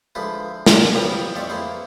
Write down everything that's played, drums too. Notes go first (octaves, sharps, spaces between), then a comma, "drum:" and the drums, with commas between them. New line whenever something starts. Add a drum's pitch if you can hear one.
D3 F3 G#3 E4 F4 B4
C#5 D5 A5 C6, drum: snare
F3 G3 B3 C#4 E5
F2 F4 D5 E5 C#6
A#3 E4 G#4 B4 C5